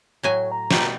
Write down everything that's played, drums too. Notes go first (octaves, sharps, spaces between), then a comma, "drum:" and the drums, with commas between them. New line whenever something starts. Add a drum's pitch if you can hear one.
A2 F#3 C#5 G#5
A#5
B2 G3 A3, drum: snare